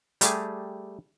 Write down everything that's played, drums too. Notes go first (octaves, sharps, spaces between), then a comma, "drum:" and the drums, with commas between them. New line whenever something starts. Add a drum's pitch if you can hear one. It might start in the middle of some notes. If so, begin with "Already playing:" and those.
G3 A3 G4 G#4, drum: hi-hat